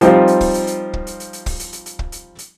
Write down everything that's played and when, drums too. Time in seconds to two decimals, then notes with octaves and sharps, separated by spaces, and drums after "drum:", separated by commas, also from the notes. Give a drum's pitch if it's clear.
0.01 F3 G3 C4 D#4 F4, drum: hi-hat
0.28 drum: hi-hat
0.41 drum: kick, open hi-hat
0.54 drum: hi-hat
0.67 drum: hi-hat
0.93 drum: kick
1.07 drum: hi-hat
1.20 drum: hi-hat
1.33 drum: hi-hat
1.46 drum: kick, open hi-hat
1.59 drum: hi-hat
1.73 drum: hi-hat
1.86 drum: hi-hat
1.99 drum: kick
2.12 drum: hi-hat
2.39 drum: hi-hat